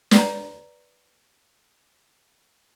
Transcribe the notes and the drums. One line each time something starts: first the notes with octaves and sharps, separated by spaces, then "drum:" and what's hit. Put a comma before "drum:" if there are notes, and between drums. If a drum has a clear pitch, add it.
B4 D5 G5 A#5, drum: snare